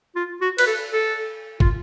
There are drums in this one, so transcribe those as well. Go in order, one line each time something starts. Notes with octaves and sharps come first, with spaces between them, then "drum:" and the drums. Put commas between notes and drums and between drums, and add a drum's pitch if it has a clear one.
F4
F#4
B4, drum: cymbal
A4
A4
F4, drum: kick